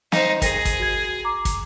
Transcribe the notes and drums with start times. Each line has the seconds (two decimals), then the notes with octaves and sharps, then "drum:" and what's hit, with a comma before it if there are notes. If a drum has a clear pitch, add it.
0.12 D#4 C5, drum: snare
0.42 G#4 A#4 A#6 D#7, drum: kick, hi-hat
0.65 drum: kick, hi-hat
0.80 F#4 G#6
1.24 A#5 D6
1.45 drum: kick, hi-hat